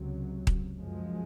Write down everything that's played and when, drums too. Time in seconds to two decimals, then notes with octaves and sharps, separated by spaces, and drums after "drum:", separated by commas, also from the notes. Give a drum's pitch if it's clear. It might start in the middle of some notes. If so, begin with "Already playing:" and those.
Already playing: C#2 C3 F#3
0.47 drum: kick D#1
0.78 F#2 F3 G#3